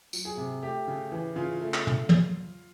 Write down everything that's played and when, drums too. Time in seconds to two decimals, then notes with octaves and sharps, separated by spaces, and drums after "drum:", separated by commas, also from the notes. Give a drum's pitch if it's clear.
0.13 F#3, drum: tambourine
0.25 G#4
0.37 C3
0.63 A3 G4
0.88 C#3
1.12 E3
1.36 C#3 F4
1.61 A3
1.74 drum: clap
1.87 drum: tom
2.09 drum: tom